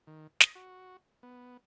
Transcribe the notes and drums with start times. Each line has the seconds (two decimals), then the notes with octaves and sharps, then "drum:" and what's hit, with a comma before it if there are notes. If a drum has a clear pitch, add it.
0.07 D#3
0.40 D#6, drum: snare
0.55 F#4
1.23 B3